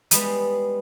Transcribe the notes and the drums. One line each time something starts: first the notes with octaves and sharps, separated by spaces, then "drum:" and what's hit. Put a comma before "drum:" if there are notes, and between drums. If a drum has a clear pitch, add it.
G3 G#3 B3, drum: hi-hat